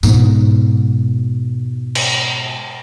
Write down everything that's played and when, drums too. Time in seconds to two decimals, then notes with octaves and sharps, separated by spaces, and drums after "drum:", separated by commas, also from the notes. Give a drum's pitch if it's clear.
0.03 G#2 B2, drum: tambourine
1.95 drum: cymbal